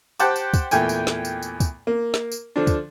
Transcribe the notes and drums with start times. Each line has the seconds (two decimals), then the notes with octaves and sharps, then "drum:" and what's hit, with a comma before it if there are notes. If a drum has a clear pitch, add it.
0.20 G4 C5 F#5 G5 A5 D6, drum: tambourine
0.36 drum: tambourine
0.54 drum: kick, tambourine
0.71 E2 A#2 A3 G5 G#5, drum: tambourine
0.89 drum: tambourine
1.07 drum: snare
1.25 drum: tambourine
1.43 drum: tambourine
1.60 drum: kick, tambourine
1.87 A#3
2.14 drum: snare
2.32 drum: tambourine
2.56 D3 F3 D4
2.67 drum: kick, tambourine